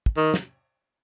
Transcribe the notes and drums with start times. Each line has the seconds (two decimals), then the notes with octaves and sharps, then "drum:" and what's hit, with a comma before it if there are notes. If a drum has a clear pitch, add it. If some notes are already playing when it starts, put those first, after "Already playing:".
0.06 drum: kick
0.17 D#3
0.34 drum: snare